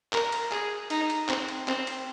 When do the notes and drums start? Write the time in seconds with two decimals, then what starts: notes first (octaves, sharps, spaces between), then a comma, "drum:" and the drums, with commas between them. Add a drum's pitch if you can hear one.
0.13 A#4, drum: clap
0.32 drum: cymbal
0.52 G#4, drum: clap
0.90 D#4, drum: cymbal
1.10 drum: cymbal
1.29 C4, drum: clap
1.48 drum: cymbal
1.68 C4, drum: clap
1.87 drum: cymbal